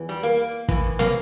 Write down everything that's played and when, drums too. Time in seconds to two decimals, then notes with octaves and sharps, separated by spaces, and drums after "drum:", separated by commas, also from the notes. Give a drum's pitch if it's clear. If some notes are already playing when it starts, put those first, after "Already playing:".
Already playing: E2 E3
0.09 G3
0.23 A#3
0.68 A2 E3, drum: kick
0.99 A#3, drum: snare